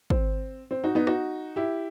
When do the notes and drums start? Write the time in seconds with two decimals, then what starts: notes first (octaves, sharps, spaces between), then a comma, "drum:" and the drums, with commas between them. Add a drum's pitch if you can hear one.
0.10 C4, drum: kick
0.71 C4
0.84 D#4 F#4
0.95 B3 D#4
1.07 D#4 F#4, drum: rim click
1.56 E4 G4